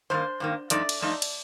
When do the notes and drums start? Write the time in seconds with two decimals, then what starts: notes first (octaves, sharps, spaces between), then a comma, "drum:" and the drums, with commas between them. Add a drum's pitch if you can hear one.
0.10 G2 D#3 A#3 C5
0.40 G2 D#3 A#3
0.70 G2 F3 A3 D#4 D5, drum: hi-hat
0.89 drum: cymbal
1.01 G2 F3 A3 D#4
1.22 drum: cymbal